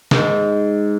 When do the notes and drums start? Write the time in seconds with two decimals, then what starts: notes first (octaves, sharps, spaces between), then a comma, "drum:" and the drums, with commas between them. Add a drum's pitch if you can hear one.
0.11 G#2, drum: snare